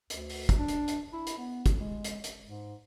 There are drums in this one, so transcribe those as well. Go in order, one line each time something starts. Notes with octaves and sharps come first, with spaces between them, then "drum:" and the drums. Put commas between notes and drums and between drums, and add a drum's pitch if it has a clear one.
D2, drum: hi-hat
drum: open hi-hat
drum: kick, hi-hat
D4
drum: hi-hat
drum: hi-hat
E4
drum: hi-hat
B3
drum: kick, hi-hat
G#3
drum: hi-hat
drum: hi-hat
G#2